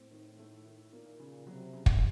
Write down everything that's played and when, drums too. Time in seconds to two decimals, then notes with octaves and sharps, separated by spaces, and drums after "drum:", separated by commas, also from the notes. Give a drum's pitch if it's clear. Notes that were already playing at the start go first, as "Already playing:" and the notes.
Already playing: A2 C4
0.11 D#3
0.39 A3
0.66 D#3
0.92 A#2 A#3
1.20 C#3
1.47 C3 F#3
1.73 C#3
1.86 drum: kick